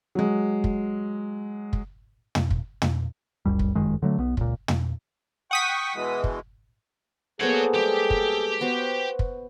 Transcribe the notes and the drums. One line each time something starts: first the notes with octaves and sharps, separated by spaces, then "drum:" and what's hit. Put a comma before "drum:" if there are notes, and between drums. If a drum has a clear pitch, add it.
F#3 G#3
drum: kick
drum: kick
drum: tom
drum: kick
drum: tom
F#1 C#2 F#2 G3
drum: kick
G1 F#2 D#3 G#3
D3 F#3 A3
B1 B3
C#2 A#2, drum: kick
drum: tom
F#5 G5 C#6 D#6 B6
B2 E3 G#3
drum: kick
A#3 B3 G#4 A4 C5 C#5 F#5
G3 G#3 G4
drum: kick
B3 F#4 C5
drum: kick